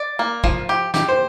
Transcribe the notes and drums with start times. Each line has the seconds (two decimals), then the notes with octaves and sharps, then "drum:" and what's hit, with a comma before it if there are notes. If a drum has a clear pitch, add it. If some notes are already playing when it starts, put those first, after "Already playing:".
Already playing: D5
0.19 A#3
0.44 F3, drum: kick
0.69 G4
0.94 G4, drum: snare
1.08 C5